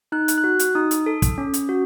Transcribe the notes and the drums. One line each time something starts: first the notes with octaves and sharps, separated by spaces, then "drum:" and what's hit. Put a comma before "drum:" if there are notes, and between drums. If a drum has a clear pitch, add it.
D#4 F#6
drum: hi-hat
F#6
F#4
drum: hi-hat
D#4 D#6
drum: hi-hat
A4
drum: kick, hi-hat
C#4
drum: hi-hat
F#4